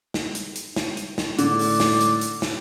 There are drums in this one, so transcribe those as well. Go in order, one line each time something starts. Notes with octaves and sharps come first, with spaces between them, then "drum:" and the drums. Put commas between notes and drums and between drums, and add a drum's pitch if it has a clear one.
drum: snare
drum: hi-hat
drum: hi-hat
drum: snare
drum: hi-hat
drum: snare
A2 D3 D5, drum: hi-hat
drum: open hi-hat
drum: snare
drum: hi-hat
drum: hi-hat
drum: snare